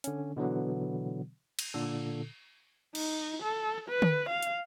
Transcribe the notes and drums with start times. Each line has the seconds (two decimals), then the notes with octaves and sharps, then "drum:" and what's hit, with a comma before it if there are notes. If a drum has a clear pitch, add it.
0.04 D3 C#4, drum: hi-hat
0.36 B2 D3 E3 F#3 B3
1.59 drum: cymbal
1.74 A#2 D3 A4
2.95 D#4, drum: cymbal
3.43 A4
3.89 B4
4.02 drum: tom D3
4.29 F5
4.43 drum: hi-hat